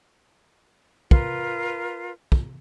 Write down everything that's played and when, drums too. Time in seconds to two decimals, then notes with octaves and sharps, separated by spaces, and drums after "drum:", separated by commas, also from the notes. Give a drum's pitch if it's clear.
1.11 F4 A#4 B4, drum: kick
2.32 drum: kick